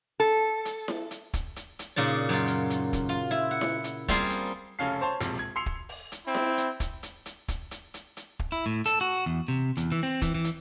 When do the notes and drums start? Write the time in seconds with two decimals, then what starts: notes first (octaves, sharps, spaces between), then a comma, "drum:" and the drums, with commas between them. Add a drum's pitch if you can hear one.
0.20 A4
0.65 drum: hi-hat
0.88 drum: snare E4
1.11 drum: hi-hat
1.34 drum: kick, hi-hat
1.56 drum: hi-hat
1.79 drum: hi-hat
1.96 A#2 C#3 D#4 D5
2.29 F#2 F4
2.47 drum: hi-hat
2.70 drum: hi-hat
2.93 drum: kick, hi-hat
3.09 F4
3.31 E4
3.51 F#5
3.61 drum: snare E4
3.84 drum: hi-hat
4.08 G3 A#3 C4 F4 G#4 C6, drum: kick, hi-hat
4.30 drum: hi-hat
4.79 F1 C#3 C#4 A4 F5 C7
5.01 C5 C#5 A5 C6
5.20 E1 A#1 C3, drum: hi-hat
5.39 G#6
5.56 C6 E6 C7 C#7 F7
5.66 drum: kick
5.89 drum: open hi-hat
6.12 drum: hi-hat
6.25 C4 E4
6.35 drum: snare E4
6.57 drum: hi-hat
6.80 drum: kick, hi-hat
7.03 drum: hi-hat
7.26 drum: hi-hat
7.48 drum: kick, hi-hat
7.71 drum: hi-hat
7.94 drum: hi-hat
8.17 drum: hi-hat
8.39 drum: kick
8.52 E4
8.66 A2
8.86 A4, drum: hi-hat
9.01 F#4
9.26 E2
9.48 C3
9.77 E2, drum: hi-hat
9.92 E3
10.03 C4
10.22 E3, drum: kick, hi-hat
10.35 E3
10.44 drum: hi-hat